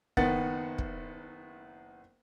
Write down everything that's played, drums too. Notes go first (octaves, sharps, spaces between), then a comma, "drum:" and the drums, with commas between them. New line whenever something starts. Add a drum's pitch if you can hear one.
F#1 D#3 B3 F#5 A6, drum: kick
drum: kick